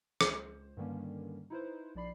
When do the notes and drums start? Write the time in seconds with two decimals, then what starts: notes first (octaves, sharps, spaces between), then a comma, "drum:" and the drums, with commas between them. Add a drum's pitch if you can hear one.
0.21 C#2 C5, drum: rim click
0.77 G2 D3 D#3 G3 A#3 C#4
1.50 D#4 E4 B4 C5
1.95 A#1 F3 D5 B5 C7